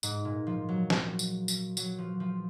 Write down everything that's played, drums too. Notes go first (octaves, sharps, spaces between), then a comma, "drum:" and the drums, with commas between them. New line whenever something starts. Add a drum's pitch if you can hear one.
G#2, drum: tambourine
A#2
F3
F#3
drum: snare
drum: tambourine
drum: tambourine
F#3, drum: tambourine
F3
F3